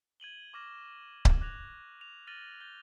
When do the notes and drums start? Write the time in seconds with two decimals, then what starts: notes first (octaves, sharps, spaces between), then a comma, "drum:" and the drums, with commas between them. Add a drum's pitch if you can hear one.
0.20 G#6 D#7 F#7 G7
0.53 C#6 D6 F6 A#6 E7
1.25 drum: kick C#1
1.41 D6 F#6 G#6 A#6 F7
2.01 F7
2.27 F6 A6 A#6 D#7 F#7 G7
2.60 G6 A6 G7